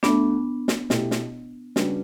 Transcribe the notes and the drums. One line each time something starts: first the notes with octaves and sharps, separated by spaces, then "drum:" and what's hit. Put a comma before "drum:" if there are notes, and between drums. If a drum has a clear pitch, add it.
D2 D3 A3 B3 D4, drum: snare
drum: snare
B2 A3 E4 G4, drum: snare
drum: snare
C#3 G3 B3 D4 F#4, drum: snare